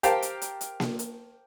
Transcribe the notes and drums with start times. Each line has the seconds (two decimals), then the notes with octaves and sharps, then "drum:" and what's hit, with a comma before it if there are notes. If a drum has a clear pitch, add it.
0.03 G4 A#4 C5 F5 G5 A5, drum: hi-hat
0.22 drum: hi-hat
0.42 drum: hi-hat
0.61 drum: hi-hat
0.80 drum: snare A#3
0.99 drum: hi-hat